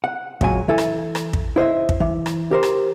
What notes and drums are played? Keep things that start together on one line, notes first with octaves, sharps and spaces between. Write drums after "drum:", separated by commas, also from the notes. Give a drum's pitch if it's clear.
F#5
C#2 A#2 F#3 G#5, drum: kick
E3 E4 A4 G#5
drum: rim click
drum: rim click
drum: kick
E4 C5 D#5 E5
drum: kick
E3
drum: rim click
G4 A#4 C5
drum: rim click